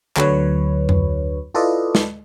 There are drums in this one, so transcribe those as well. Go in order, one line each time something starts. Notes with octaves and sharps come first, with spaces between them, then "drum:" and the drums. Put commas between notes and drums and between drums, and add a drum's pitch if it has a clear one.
D2 D3 F#3 B4 C#5, drum: clap
drum: tom F2
E4 F4 A4 B4 D5 D#5
drum: snare